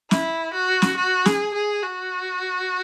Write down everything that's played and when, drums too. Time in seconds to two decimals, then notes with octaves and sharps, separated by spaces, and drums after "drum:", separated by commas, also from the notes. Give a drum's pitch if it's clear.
0.11 E4, drum: snare
0.54 F#4
0.82 drum: snare
0.97 F#4
1.26 G#4, drum: snare
1.54 G#4
1.82 F#4